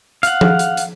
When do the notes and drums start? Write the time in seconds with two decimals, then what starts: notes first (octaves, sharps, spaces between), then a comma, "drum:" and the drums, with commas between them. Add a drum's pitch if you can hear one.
0.23 F5 F#5, drum: hi-hat
0.41 drum: tom F3
0.59 drum: hi-hat
0.77 drum: hi-hat